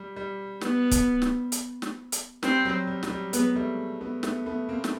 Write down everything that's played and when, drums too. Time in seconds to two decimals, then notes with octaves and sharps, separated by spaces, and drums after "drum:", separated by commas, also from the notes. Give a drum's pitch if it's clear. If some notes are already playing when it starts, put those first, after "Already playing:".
Already playing: G3
0.16 G3
0.61 B3, drum: snare
0.91 drum: kick, hi-hat
1.22 drum: snare
1.52 drum: hi-hat
1.82 drum: snare
2.12 drum: hi-hat
2.43 G3 C4, drum: snare
2.65 F#3
2.87 G3
3.03 F#3, drum: snare
3.10 G3
3.33 F#3 G#3 B3, drum: hi-hat
3.55 G3 A3
4.00 A3 B3
4.23 A3 B3, drum: snare
4.46 A3 B3
4.69 A#3 C4
4.84 drum: snare